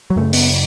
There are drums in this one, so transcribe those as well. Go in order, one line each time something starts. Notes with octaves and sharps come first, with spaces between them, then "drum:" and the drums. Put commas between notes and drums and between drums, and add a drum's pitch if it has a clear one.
F#3
F#2 C#3 A3
B3, drum: open hi-hat